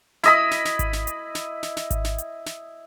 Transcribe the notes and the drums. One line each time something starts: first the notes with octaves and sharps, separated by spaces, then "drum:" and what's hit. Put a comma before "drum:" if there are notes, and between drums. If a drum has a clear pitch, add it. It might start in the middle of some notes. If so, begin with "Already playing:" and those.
E4 D#5 B5, drum: snare
drum: snare
drum: snare
drum: kick G#1, hi-hat
drum: snare
drum: hi-hat
drum: snare
drum: snare
drum: snare
drum: kick G#1, hi-hat
drum: snare
drum: hi-hat
drum: snare